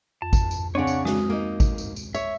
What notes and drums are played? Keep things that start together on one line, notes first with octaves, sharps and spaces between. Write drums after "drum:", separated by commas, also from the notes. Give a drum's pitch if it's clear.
F2 A5
drum: kick, tambourine
drum: tambourine
C#3 C4 D4 C#5 F#5
drum: tambourine
G#3 F#4 D#6, drum: snare
A#3 D#4
drum: kick, tambourine
drum: tambourine
drum: tambourine
C#5 E5, drum: tambourine